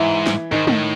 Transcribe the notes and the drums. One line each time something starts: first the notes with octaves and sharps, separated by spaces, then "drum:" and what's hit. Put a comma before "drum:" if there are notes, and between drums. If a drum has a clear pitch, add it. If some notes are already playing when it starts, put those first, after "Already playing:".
Already playing: G#2 E3 E4
drum: snare
G#2 D#3 D#4
A2, drum: tom